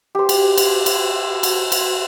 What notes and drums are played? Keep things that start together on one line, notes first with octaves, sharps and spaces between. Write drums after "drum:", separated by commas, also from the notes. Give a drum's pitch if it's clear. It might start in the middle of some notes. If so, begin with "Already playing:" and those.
G4 C5
drum: cymbal
drum: cymbal
drum: cymbal
drum: cymbal
drum: cymbal